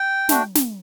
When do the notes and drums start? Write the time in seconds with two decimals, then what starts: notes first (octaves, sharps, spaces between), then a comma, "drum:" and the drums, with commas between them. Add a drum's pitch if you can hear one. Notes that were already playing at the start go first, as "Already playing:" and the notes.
Already playing: G5
0.29 A3 D4 F#4, drum: snare
0.55 drum: snare